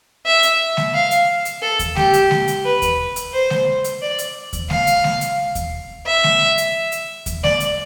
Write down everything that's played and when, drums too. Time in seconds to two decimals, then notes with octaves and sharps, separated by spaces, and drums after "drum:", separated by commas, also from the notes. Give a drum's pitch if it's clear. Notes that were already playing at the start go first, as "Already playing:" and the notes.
0.26 E5
0.43 drum: hi-hat
0.77 drum: snare G#3
0.94 F5
1.11 drum: hi-hat
1.45 drum: hi-hat
1.62 A4
1.79 drum: kick D#2, hi-hat
1.96 G4, drum: snare G#3
2.14 drum: hi-hat
2.31 drum: snare G#3
2.48 drum: hi-hat
2.65 B4
2.82 drum: kick D#2, hi-hat
3.16 drum: hi-hat
3.33 C5
3.50 drum: snare G#3
3.84 drum: hi-hat
4.02 D5
4.19 drum: hi-hat
4.53 drum: kick D#2, hi-hat
4.70 F5, drum: snare G#3
4.87 drum: hi-hat
5.04 drum: snare G#3
5.21 drum: hi-hat
5.55 drum: kick D#2, hi-hat
6.06 E5
6.24 drum: snare G#3
6.58 drum: hi-hat
6.92 drum: hi-hat
7.26 drum: kick D#2, hi-hat
7.44 D5, drum: snare G#3
7.60 drum: hi-hat